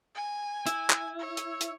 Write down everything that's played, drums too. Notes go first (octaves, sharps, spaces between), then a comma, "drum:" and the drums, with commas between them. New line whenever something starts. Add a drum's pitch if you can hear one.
G#5
E4, drum: hi-hat
drum: clap
C#5
drum: hi-hat
drum: hi-hat